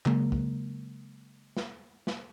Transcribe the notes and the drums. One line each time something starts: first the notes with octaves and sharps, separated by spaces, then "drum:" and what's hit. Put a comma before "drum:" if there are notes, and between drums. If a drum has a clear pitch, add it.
C#3 F#3 G#3 A#3, drum: clap
drum: kick
drum: snare
drum: snare